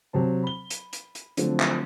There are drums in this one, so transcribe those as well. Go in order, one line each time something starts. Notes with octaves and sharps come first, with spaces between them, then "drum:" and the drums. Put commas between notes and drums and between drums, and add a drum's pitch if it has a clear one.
C3 F#3 C5 A5
B5 G7
drum: hi-hat
drum: hi-hat
drum: hi-hat
D3 F3 F#3 A3 C4, drum: hi-hat
drum: clap